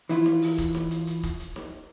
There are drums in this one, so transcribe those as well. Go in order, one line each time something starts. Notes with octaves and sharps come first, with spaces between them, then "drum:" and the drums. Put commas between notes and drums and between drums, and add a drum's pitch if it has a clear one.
E3 E4 F4, drum: hi-hat
drum: snare D#4
drum: open hi-hat
drum: kick, hi-hat
drum: snare D#4
drum: hi-hat
drum: hi-hat
drum: kick, hi-hat
drum: hi-hat
drum: snare D#4